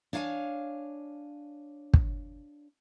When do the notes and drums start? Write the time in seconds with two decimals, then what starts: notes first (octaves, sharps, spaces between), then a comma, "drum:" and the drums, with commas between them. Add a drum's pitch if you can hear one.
0.13 D4 C#5 F5 F#5 G#5
1.94 drum: kick